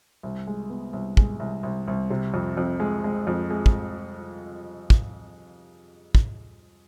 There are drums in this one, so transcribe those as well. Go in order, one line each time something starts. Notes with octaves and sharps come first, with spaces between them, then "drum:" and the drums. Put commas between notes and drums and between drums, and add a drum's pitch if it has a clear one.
C2
G#3
B3
C2
G#3, drum: kick
C2
C2
C2
C3
F2
F2
G#3
G#3
F2
G#3
drum: kick
drum: kick
drum: kick